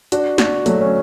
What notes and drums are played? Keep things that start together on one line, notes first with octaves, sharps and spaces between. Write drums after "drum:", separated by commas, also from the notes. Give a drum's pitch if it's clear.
D4 F#4, drum: hi-hat
D4 F#4, drum: snare
F#3 A3, drum: hi-hat
C#4